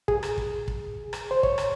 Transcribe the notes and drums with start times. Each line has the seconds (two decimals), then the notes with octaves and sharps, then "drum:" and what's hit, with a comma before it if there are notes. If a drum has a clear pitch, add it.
0.08 G#4, drum: kick
0.23 drum: rim click
0.38 drum: kick
0.68 drum: kick
1.13 drum: rim click
1.31 C5
1.43 C#5, drum: kick
1.58 drum: rim click